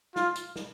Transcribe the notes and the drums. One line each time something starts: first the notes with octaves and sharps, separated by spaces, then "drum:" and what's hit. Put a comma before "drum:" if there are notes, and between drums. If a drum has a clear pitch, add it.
F4, drum: snare
drum: hi-hat
drum: snare